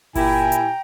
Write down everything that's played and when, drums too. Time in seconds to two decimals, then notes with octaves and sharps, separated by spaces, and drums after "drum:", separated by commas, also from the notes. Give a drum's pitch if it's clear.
0.15 A#2 E4 G4 G5 G#5 A#5, drum: kick G1, open hi-hat
0.52 drum: hi-hat